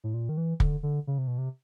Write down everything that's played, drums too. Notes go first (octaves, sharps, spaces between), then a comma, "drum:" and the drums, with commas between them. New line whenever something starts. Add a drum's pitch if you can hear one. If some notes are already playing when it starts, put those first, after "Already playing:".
A2
A#2
D#3
E3
D3, drum: kick
D3
C#3
C3
B2
C3